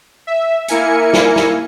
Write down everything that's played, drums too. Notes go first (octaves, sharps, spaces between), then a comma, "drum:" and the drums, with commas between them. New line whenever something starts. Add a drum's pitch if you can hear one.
E5
A#3 E4 A#4 G#5 C#7, drum: hi-hat
drum: snare
drum: snare